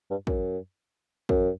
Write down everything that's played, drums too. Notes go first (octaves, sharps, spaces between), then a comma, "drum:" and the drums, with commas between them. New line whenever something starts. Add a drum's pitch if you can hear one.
G2
F#2, drum: kick
F#2, drum: kick